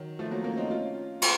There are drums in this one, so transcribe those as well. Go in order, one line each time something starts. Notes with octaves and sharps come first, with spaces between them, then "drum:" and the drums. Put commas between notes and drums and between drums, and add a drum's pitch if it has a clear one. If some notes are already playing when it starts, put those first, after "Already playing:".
Already playing: D#3 F#3
F3 A3
F#3 A#3
A#3 C#4
C4 D#4
C#4 F4
C#4 F4, drum: cymbal